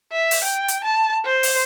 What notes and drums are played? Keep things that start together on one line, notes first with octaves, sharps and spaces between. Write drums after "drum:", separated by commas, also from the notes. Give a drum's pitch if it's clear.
E5
drum: open hi-hat
G5
drum: hi-hat
A5
C5
drum: open hi-hat